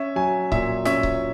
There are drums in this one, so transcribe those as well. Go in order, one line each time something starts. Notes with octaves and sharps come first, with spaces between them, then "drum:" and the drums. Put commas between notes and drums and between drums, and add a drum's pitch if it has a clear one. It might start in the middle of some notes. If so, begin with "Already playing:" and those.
Already playing: C#4 E5
F#3 G#5
A#2 E5, drum: kick C#1
C#4 E5, drum: snare
drum: kick C#1